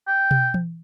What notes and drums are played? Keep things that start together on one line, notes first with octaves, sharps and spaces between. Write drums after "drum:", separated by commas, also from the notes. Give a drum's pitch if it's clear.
G5
drum: tom B2
drum: tom E3